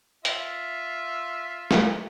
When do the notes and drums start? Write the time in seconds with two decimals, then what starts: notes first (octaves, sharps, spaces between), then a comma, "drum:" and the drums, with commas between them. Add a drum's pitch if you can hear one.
0.25 F4 E5, drum: hi-hat
1.71 drum: snare